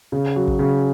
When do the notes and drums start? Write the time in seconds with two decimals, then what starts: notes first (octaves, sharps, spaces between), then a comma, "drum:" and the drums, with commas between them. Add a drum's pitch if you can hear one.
0.12 C#3
0.36 F#3
0.47 drum: kick
0.59 C#3